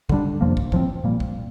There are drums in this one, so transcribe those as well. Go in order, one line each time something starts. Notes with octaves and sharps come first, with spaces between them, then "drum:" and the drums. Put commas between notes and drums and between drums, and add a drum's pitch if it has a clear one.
D3 G3 D4, drum: kick
F2 C3 F3 A#3
drum: kick
A2 F3 C4, drum: kick
A#2 G3 A#3
drum: kick